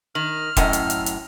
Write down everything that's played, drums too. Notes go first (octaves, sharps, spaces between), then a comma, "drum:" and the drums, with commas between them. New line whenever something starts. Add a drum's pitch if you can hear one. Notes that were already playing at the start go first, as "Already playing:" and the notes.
D#3 F6 F#7
F#2 A2 D#5 F#5 G5, drum: kick E1, hi-hat
drum: hi-hat
drum: hi-hat
drum: hi-hat